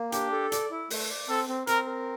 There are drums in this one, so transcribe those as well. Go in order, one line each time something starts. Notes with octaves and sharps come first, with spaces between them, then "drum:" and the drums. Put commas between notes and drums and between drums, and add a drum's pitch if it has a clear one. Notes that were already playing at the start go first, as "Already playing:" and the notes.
Already playing: A#3
D4 G4, drum: hi-hat
A4
D5, drum: hi-hat
E4
A3, drum: open hi-hat
D5
C4 A4
C4
C4 A#4, drum: hi-hat
A#4